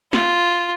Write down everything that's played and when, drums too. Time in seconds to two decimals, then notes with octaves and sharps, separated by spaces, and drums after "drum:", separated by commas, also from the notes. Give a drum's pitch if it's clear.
0.13 F4, drum: snare